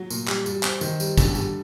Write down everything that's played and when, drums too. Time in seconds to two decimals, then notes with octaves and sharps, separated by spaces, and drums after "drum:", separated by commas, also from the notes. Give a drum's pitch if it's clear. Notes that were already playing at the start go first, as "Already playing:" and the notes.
Already playing: F#3
0.10 A#2, drum: tambourine
0.28 G3, drum: clap
0.46 G3, drum: tambourine
0.63 C4, drum: clap
0.81 D#3, drum: tambourine
1.00 G3, drum: tambourine
1.18 D3, drum: kick, tambourine
1.35 G3, drum: tambourine